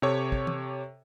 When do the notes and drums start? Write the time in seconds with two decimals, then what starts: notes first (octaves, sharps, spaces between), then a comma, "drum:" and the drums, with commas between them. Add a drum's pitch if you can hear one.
0.02 C3 G4 A4 C#5
0.32 drum: kick
0.47 drum: tom